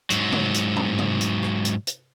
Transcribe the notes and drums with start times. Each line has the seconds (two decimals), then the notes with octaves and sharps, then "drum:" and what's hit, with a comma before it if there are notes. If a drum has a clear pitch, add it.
0.10 G#2 F#3, drum: hi-hat
0.32 drum: tom C3
0.54 drum: hi-hat
0.76 drum: tom
0.99 drum: tom C3
1.21 drum: hi-hat
1.43 drum: rim click
1.65 drum: hi-hat
1.87 drum: hi-hat